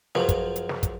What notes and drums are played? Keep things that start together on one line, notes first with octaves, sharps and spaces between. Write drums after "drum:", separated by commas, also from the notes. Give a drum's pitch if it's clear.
C#2 F#2 F3 F#3, drum: snare
drum: kick, hi-hat
drum: hi-hat
drum: snare
drum: kick, hi-hat